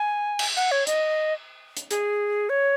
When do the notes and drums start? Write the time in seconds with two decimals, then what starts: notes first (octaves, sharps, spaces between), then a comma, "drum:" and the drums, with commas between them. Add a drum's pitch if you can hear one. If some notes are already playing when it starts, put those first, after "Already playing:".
Already playing: G#5
0.39 drum: cymbal
0.57 F#5
0.71 C#5
0.87 D#5, drum: hi-hat
1.77 drum: hi-hat
1.91 G#4, drum: hi-hat
2.49 C#5